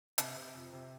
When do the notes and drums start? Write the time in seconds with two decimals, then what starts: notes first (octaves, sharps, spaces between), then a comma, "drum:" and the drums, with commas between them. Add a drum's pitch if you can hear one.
0.18 C3, drum: hi-hat
0.36 C3
0.55 F2
0.73 C3